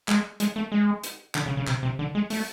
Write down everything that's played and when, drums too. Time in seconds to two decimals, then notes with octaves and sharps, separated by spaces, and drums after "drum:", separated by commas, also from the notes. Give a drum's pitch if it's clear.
0.08 G#3, drum: clap
0.40 G#3, drum: hi-hat
0.56 A3
0.72 G#3
1.04 drum: hi-hat
1.35 D3, drum: clap
1.46 C#3
1.57 C#3
1.67 C3, drum: clap
1.83 C3
1.99 D3
2.15 G#3
2.30 A3, drum: open hi-hat